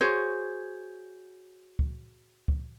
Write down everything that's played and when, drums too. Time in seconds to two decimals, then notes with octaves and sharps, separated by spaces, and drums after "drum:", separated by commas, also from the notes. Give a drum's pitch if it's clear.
0.01 F#4 G#4 C5 C#5
1.79 drum: kick
2.48 drum: kick